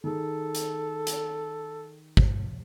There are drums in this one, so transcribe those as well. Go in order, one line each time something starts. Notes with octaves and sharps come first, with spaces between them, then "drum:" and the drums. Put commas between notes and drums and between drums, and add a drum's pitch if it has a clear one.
D#3 G#4 A4
drum: hi-hat
drum: hi-hat
drum: kick